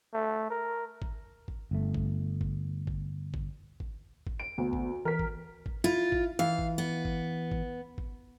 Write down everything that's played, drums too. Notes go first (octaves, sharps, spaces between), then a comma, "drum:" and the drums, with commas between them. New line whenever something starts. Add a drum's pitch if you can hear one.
A3
A#4
drum: kick G#1
drum: kick G#1
G1 A3
drum: kick G#1
drum: kick G#1
drum: kick G#1
drum: kick G#1
drum: kick G#1
drum: kick G#1
D7
D2 B3
drum: kick G#1
E3 A#4 B6
drum: kick G#1
drum: kick G#1
E4 F4
drum: kick G#1
E3 F5
drum: kick G#1
B3
drum: kick G#1
drum: kick G#1
drum: kick G#1